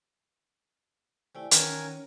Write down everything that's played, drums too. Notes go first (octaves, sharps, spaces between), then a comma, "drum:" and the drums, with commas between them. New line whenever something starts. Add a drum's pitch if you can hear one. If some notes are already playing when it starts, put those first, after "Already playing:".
C3 A3 E4 D5 G#5
D#3 E3 C#4 F#4 A#4 C#5 G#5, drum: hi-hat